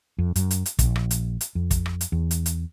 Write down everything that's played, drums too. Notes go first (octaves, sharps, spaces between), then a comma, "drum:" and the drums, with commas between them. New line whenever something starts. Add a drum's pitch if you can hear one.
F2
F#2, drum: hi-hat
drum: hi-hat
drum: hi-hat
A#1, drum: kick, hi-hat
drum: rim click
drum: hi-hat
drum: hi-hat
F2
drum: kick, hi-hat
drum: rim click
drum: hi-hat
E2
drum: hi-hat
drum: hi-hat